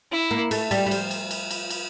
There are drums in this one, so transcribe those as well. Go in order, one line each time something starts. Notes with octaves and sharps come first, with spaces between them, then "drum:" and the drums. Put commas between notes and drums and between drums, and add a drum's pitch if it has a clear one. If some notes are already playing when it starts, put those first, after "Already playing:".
E4
A#3
A3, drum: cymbal
G3, drum: cymbal
G3
F3, drum: cymbal
drum: cymbal
drum: cymbal
drum: cymbal
drum: cymbal